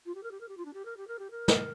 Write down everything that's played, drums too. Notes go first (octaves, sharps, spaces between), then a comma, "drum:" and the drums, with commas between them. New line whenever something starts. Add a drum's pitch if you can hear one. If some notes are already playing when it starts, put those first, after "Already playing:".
F4
G4
A#4
G4
A#4
G4
F4
D4
G4
A#4
G4
A#4
G4
A#4
drum: snare